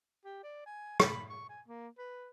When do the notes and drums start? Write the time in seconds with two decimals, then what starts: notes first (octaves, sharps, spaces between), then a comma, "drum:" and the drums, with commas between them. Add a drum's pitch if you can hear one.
0.25 G4
0.43 D5
0.66 G#5
1.00 B5, drum: rim click
1.29 C#6
1.49 G#5
1.68 A#3
1.98 B4